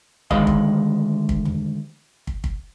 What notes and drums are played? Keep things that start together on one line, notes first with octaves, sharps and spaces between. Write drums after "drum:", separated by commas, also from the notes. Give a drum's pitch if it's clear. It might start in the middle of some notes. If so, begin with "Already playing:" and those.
D2 D#3 G#3 B4 D#5 F5, drum: kick
drum: kick
drum: kick
drum: tom
drum: kick
drum: kick